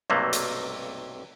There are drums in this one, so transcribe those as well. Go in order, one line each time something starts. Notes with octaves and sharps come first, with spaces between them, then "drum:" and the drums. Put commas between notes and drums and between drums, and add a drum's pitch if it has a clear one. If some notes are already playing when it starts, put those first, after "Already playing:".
B1 G2 C3 F#3 A3 A#3
drum: hi-hat